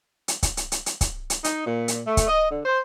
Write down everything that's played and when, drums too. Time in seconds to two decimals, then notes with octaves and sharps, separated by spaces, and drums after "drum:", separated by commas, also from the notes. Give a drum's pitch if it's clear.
0.28 drum: hi-hat
0.43 drum: kick C#1, hi-hat
0.57 drum: hi-hat
0.72 drum: hi-hat
0.86 drum: hi-hat
1.01 drum: kick C#1, hi-hat
1.30 drum: hi-hat
1.44 D#4, drum: hi-hat
1.66 A#2
1.88 drum: hi-hat
2.06 A3
2.17 drum: kick C#1, hi-hat
2.27 D#5
2.49 D3
2.65 C5